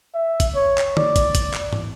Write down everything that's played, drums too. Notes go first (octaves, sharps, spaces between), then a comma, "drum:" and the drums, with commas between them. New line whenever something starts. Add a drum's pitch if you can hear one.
E5
drum: kick, hi-hat
C#5
drum: clap
D5, drum: tom D3
drum: kick, hi-hat
drum: kick, hi-hat
drum: clap
drum: tom